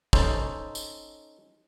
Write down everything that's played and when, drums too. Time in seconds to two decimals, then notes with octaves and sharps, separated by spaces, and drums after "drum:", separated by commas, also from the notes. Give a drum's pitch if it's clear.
0.13 C#4 D#4 A4 C5, drum: kick
0.75 drum: tambourine